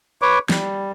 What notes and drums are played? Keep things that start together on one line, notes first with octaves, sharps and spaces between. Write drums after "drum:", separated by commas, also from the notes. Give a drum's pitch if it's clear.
B4 C#5 D6
G3, drum: snare